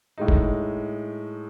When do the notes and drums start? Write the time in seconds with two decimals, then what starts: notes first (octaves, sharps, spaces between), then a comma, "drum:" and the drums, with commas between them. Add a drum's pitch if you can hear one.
0.18 A2 G#3 D#4
0.28 drum: kick